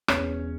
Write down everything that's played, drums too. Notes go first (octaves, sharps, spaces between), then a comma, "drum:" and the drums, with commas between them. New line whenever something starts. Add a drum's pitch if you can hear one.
E1 E2 E3 C#4 C#5, drum: rim click